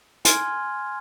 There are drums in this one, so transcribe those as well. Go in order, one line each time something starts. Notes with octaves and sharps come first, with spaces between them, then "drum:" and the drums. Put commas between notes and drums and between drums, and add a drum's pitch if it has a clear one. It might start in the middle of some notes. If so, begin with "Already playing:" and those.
G#5 C6 F6 G#6, drum: hi-hat